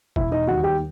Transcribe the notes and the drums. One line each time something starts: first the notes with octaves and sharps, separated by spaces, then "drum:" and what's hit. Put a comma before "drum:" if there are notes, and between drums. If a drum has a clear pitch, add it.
E1 E4 E5, drum: kick F#1
D#4 D#5
D#2 D#3 G3 F#4 F#5
G4 G5